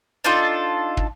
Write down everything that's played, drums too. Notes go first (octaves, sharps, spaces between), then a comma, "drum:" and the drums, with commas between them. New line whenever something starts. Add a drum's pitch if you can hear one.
D4 D#4 F4 A4
drum: kick